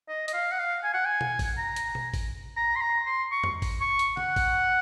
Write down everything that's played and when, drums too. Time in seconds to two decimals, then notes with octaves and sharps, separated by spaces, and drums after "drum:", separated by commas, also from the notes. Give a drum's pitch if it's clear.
0.09 D#5
0.28 D#5, drum: hi-hat
0.33 F5
0.52 F#5
0.59 F5
0.84 G#5
0.94 F#5
1.06 G#5
1.21 drum: tom B2
1.39 drum: kick A1, open hi-hat
1.58 A#5
1.76 drum: hi-hat
1.95 drum: tom B2
2.14 drum: kick A1, open hi-hat
2.57 A#5
2.76 C6
2.81 A#5
3.06 C6
3.32 C#6
3.44 drum: tom E2
3.62 drum: kick A1, open hi-hat
3.81 C#6
3.99 drum: hi-hat
4.17 F#5, drum: tom C#3
4.36 drum: kick A1, open hi-hat